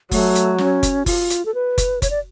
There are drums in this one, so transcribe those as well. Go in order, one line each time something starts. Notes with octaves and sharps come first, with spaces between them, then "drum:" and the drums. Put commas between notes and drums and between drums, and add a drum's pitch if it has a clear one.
F#3 A3, drum: kick F#1, open hi-hat
drum: hi-hat
C#4, drum: snare
drum: kick F#1, hi-hat
F4, drum: kick F#1, open hi-hat
drum: hi-hat
A4
B4
drum: kick F#1, hi-hat
C#5, drum: kick F#1, hi-hat
D5